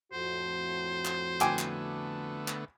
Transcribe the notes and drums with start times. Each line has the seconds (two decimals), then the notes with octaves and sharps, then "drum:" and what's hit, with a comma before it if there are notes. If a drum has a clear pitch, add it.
0.13 F2 A2 F#4 C5
1.05 drum: clap
1.41 D3 A3 B3 G5 G#5 D6, drum: clap
1.59 drum: clap
2.48 drum: clap